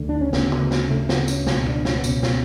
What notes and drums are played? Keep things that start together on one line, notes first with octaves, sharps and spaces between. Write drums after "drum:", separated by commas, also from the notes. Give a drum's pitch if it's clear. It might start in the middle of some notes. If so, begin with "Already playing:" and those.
Already playing: D2 D3
D4
C#4
D2 C#3 B3, drum: snare
drum: tom
drum: snare
D2 C#3 A3
B3, drum: snare
C#4, drum: tambourine
C#2 B2, drum: snare
D4, drum: tom F#2
C#4, drum: snare
B3
C#2 B2 C#4, drum: tambourine
drum: snare